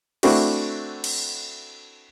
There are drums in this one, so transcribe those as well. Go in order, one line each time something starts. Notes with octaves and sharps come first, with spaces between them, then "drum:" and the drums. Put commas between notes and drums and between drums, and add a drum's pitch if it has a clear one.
A3 C4 D4 E4 F#4, drum: cymbal
drum: cymbal